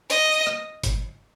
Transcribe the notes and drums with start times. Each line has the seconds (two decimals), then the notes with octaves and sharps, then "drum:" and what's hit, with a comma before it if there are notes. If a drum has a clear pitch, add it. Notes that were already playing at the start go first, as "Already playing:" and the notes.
0.10 D#5, drum: hi-hat
0.47 drum: rim click
0.83 drum: kick G1, hi-hat